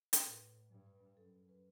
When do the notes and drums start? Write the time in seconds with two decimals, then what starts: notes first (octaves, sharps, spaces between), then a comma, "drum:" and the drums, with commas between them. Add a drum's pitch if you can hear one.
0.13 drum: hi-hat
0.23 A2 B4
0.70 G2
0.87 B4
1.17 F#2 A4
1.49 B4